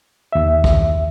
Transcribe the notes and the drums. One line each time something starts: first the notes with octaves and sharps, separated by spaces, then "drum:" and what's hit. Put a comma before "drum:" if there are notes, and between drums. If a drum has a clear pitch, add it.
D#2 E5
drum: kick